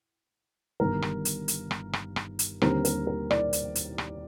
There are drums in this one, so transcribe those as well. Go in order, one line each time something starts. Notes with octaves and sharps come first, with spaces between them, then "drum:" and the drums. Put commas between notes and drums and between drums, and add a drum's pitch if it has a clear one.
G1 G2 D#3 G3 A#4
drum: rim click
drum: hi-hat
drum: hi-hat
drum: rim click
drum: rim click
drum: rim click
drum: hi-hat
D#2 D3 G3 C4 A#4, drum: rim click
A#4, drum: hi-hat
A#4
D5, drum: rim click
drum: hi-hat
drum: hi-hat
drum: rim click